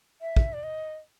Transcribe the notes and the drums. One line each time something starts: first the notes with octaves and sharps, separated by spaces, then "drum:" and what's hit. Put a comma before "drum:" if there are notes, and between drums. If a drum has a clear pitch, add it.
E5
drum: kick
D5
D#5